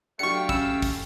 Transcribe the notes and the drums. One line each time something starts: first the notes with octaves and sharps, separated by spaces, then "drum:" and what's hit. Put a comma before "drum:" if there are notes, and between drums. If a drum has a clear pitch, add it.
F#3 A3 D4 G4 F5 C#6 C#7
C#4 B5 E6 F6, drum: kick
drum: kick, open hi-hat